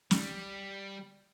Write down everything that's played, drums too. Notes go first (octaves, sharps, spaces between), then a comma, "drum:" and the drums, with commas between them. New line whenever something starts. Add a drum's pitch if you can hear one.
G3, drum: snare